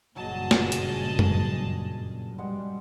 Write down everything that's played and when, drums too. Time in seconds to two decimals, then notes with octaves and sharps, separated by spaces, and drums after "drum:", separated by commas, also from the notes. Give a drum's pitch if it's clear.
0.16 F#1 G2 A#2 F#3 G#4 D#5 A5
0.51 C#4, drum: snare
0.72 drum: hi-hat
1.19 drum: tom F#2
2.38 G3 G#3 F#5